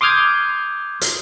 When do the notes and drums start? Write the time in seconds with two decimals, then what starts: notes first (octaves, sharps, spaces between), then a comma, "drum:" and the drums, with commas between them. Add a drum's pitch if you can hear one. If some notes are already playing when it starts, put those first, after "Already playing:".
0.01 C6 D6 D#6 F6 G6 G#6
1.01 drum: hi-hat